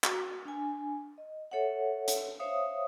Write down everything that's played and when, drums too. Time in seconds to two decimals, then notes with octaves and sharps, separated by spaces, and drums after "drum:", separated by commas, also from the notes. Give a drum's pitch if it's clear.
0.04 F#4, drum: clap
0.45 D4 G#5
1.18 D#5
1.51 A4 C#5 E5 F#5
2.08 drum: hi-hat
2.40 C5 C#5 E5 F5 D#6